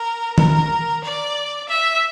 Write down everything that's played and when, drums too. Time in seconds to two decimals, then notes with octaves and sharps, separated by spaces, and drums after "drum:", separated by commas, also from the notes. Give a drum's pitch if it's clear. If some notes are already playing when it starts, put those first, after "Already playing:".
Already playing: A#4
0.38 A#4, drum: tom D#3
1.04 D5
1.69 E5